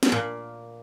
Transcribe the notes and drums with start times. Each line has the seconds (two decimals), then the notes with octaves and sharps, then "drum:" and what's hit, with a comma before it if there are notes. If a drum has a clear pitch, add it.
0.03 drum: snare
0.12 A#2